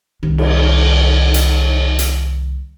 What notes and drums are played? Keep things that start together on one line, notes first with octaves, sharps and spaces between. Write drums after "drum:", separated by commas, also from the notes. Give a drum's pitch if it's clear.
C2 D#3
drum: cymbal
drum: hi-hat
drum: hi-hat